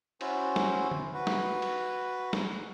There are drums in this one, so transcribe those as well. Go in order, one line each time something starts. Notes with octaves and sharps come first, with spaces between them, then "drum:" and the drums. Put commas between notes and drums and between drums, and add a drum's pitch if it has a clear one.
C#4 E4 F#4 C5, drum: cymbal
drum: snare
drum: tom
F#4 B4
drum: snare
drum: cymbal
drum: snare